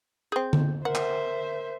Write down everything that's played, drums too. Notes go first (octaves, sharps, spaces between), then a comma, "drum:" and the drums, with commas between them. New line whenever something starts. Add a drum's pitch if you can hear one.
C4 G#4 G6
drum: tom D3
A#4 C5 E5 F#5
drum: clap